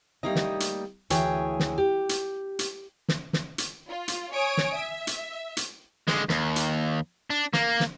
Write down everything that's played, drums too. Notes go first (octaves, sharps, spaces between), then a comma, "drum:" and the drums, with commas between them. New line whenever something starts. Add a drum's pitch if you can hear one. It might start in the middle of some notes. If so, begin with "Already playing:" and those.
G3 A3 A#3 D#4 D#5
drum: snare
drum: hi-hat
D2 E3 G#4 C#5 G5, drum: hi-hat
drum: snare
G4
drum: hi-hat
drum: hi-hat
drum: snare
drum: snare
drum: hi-hat
F4
drum: hi-hat
C#5 G#5 D#6 D7
drum: snare
E5
drum: hi-hat
drum: hi-hat
D3 G#3, drum: snare
D#2, drum: snare
drum: hi-hat
D4
A#3, drum: snare
drum: snare